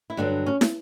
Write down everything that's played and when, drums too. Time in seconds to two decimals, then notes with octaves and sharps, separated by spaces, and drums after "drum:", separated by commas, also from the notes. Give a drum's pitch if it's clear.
0.10 E4
0.17 G2 D3 F#3 D4
0.46 C#4
0.61 drum: snare